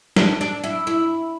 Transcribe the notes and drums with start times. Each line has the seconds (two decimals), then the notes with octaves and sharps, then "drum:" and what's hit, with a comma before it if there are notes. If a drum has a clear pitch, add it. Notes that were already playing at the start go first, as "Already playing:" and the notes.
0.16 D4, drum: snare
0.41 D4
0.64 E4
0.87 E4